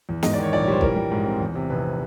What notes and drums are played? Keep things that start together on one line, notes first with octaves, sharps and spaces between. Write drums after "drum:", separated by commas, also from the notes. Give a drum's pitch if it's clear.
E2
G#2 D#5, drum: snare
D5
D#3 C#5
A#1 D5
C#5
G3 C5
E3 A#4, drum: kick
G3
G#2
C4
E2
C3
F1 B4